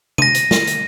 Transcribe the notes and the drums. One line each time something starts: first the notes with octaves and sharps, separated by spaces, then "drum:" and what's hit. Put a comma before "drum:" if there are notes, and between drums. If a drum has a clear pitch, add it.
A#6 D#7, drum: tom C3
drum: hi-hat
drum: snare
drum: hi-hat